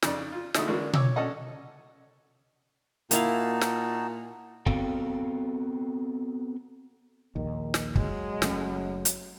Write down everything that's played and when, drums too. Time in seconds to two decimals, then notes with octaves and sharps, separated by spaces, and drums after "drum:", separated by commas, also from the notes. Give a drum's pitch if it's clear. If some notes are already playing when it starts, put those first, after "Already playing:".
0.02 F2 C#3 D#4 D5, drum: snare
0.32 F4
0.54 A#1 D3 A3 D#4 E4 D#6, drum: snare
0.67 D3 E3 G#3 A#3 C#4 D4
0.93 C#5 D6 E6, drum: tom B2
1.16 C#4 D4 A4 D#5 F#5
3.11 A#2 A#3 D#4 E4 F#4 F5 A5, drum: hi-hat
3.61 drum: snare
4.66 B3 C4 F#4 A4 F5 G5, drum: kick
7.36 A#1 D#2 D#3
7.74 drum: snare
7.95 F#3 G#3, drum: kick
8.42 F#1 A3 C#4, drum: snare
9.05 drum: hi-hat